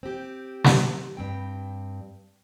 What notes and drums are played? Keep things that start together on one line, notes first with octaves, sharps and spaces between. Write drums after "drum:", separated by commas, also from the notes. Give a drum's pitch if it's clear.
C4 G4
drum: snare
G2 C4 G5